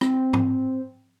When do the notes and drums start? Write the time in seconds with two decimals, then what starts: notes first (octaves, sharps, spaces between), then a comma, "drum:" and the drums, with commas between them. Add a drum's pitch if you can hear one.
0.01 C4, drum: rim click
0.33 drum: tom G#2